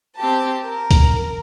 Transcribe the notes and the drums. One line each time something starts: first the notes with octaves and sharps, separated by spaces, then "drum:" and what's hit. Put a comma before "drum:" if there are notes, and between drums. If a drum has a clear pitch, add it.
C4 G4 A5
A#4
drum: kick, hi-hat